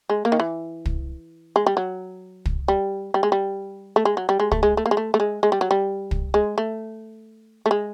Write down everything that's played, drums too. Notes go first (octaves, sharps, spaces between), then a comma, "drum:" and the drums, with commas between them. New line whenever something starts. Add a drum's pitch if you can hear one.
G#3
A#3
D#3
E3
drum: kick
G#3
G3
F#3
drum: kick
G3
G3
G#3
G3
A3
G#3
F#3
G3
G#3
A3, drum: kick
G#3
A3
A#3
G#3
A3
A3
G#3
G#3
G3
F#3
G3
drum: kick
G#3
A3
A3
G#3